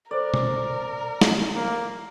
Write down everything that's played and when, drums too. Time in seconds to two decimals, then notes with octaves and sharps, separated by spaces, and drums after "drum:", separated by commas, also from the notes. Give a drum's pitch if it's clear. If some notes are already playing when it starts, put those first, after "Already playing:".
0.11 A4 A#4 C5 D5
0.34 drum: tom B2
1.21 drum: snare
1.55 A#3